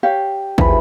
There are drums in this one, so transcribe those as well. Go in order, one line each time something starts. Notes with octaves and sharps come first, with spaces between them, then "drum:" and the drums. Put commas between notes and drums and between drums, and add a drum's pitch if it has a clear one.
G4 C#5 F5
D#2 E3 F3 B5, drum: kick